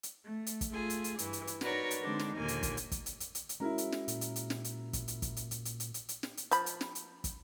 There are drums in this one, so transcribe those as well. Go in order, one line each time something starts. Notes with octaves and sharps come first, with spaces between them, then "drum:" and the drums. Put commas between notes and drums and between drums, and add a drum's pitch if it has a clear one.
drum: hi-hat
A3
drum: hi-hat
drum: kick, hi-hat
A3 F4 G#4
drum: hi-hat
drum: hi-hat
G2 E3, drum: hi-hat
drum: hi-hat
drum: hi-hat
D#4 F#4 A#4 B4 C#5 D5, drum: snare
drum: hi-hat
D3 G#3 C4 D4 D#4
drum: snare
D#2 A#2 D3 A#3 G#5
drum: hi-hat
drum: kick, hi-hat
drum: hi-hat
drum: kick, hi-hat
drum: hi-hat
drum: hi-hat
drum: hi-hat
drum: hi-hat
G#3 C#4 E4 F#4 A#4 A#5
drum: hi-hat
drum: snare
A#2, drum: hi-hat
drum: hi-hat
drum: hi-hat
drum: snare
drum: hi-hat
drum: kick, hi-hat
drum: hi-hat
drum: kick, hi-hat
drum: hi-hat
drum: hi-hat
drum: hi-hat
drum: hi-hat
drum: hi-hat
drum: hi-hat
drum: snare
drum: hi-hat
F3 B5, drum: hi-hat
drum: hi-hat
drum: snare
drum: hi-hat
drum: kick, hi-hat